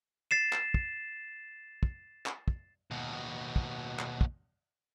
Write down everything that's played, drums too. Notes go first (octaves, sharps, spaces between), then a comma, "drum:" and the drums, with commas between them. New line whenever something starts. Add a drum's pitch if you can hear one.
A6 C7 E7
drum: clap
drum: kick
drum: kick
drum: clap
drum: kick
D#2 B2
drum: kick
drum: clap
drum: kick